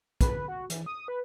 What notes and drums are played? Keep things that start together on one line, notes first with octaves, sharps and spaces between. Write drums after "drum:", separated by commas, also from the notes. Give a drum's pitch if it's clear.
B4, drum: kick, hi-hat
F#4
E3, drum: hi-hat
D#6
B4